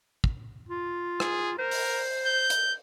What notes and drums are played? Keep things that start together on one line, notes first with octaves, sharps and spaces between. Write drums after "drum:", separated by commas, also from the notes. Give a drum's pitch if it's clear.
drum: kick
F4
G#4, drum: rim click
A#4 C5
drum: open hi-hat
G6
drum: hi-hat